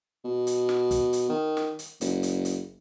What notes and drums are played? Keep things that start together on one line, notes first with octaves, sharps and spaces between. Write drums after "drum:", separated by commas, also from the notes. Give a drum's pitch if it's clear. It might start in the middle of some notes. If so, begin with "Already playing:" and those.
B2
drum: hi-hat
drum: snare
drum: kick, hi-hat
drum: hi-hat
D#3
drum: snare
drum: hi-hat
F#1, drum: hi-hat
drum: hi-hat
drum: hi-hat